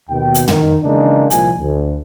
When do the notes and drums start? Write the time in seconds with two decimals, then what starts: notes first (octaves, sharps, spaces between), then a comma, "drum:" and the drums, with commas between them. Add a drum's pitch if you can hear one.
0.10 D#2 B2 G5
0.34 drum: hi-hat
0.48 D#3, drum: tom
0.82 C#3 E3 G#3 A#3 D4 D#4
1.30 C2 A#2 F3 G#5, drum: hi-hat
1.60 D2